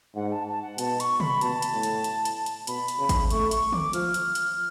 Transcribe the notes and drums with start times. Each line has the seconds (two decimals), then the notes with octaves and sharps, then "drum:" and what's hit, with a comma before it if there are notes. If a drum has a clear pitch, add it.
0.15 G#2 F#5
0.32 A5
0.48 A5
0.62 F#5
0.78 B2 A5, drum: hi-hat
1.00 C#6, drum: hi-hat
1.20 B5, drum: tom C3
1.41 B2 A5, drum: hi-hat
1.62 drum: hi-hat
1.73 A2
1.83 drum: hi-hat
2.04 drum: hi-hat
2.25 drum: hi-hat
2.46 drum: hi-hat
2.67 B2 B5, drum: hi-hat
2.88 drum: hi-hat
2.99 C#3
3.09 drum: kick, hi-hat
3.30 A3 C#6, drum: hi-hat
3.51 C#6, drum: hi-hat
3.72 D6, drum: tom D3
3.93 F3 F6, drum: hi-hat
4.14 drum: hi-hat
4.35 drum: hi-hat